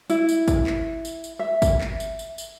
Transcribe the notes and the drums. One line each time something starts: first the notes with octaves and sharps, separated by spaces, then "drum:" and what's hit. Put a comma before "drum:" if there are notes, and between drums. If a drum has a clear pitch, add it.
E4, drum: tambourine
drum: tambourine
drum: kick, tambourine
drum: clap
drum: tambourine
drum: tambourine
E5
drum: kick, tambourine
drum: clap
drum: tambourine
drum: tambourine
drum: tambourine